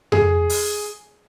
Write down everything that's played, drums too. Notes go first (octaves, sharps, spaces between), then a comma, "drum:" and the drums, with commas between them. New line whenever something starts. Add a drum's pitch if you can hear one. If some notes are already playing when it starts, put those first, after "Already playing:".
G#4, drum: tom F2
drum: open hi-hat